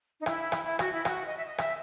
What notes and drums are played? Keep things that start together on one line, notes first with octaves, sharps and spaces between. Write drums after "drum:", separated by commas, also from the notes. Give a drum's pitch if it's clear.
D#4
E4, drum: rim click
drum: rim click
E4
F#4, drum: rim click
E4
F#4, drum: rim click
D#5
E5
D#5
E5, drum: rim click